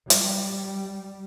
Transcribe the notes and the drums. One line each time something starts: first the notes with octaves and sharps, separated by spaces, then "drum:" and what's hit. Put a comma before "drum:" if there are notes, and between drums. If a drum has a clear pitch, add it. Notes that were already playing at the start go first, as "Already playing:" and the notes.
G3, drum: hi-hat